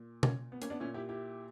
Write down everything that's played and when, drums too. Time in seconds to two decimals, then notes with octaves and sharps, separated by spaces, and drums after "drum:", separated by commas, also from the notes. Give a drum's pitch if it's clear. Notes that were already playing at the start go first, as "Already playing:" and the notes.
Already playing: A#2
0.23 A#3 C#4, drum: tom
0.52 B3
0.62 A#3 C#4, drum: hi-hat
0.70 B3 D4
0.80 A#2 C#4 E4
0.94 E4 G4
1.09 E4 G4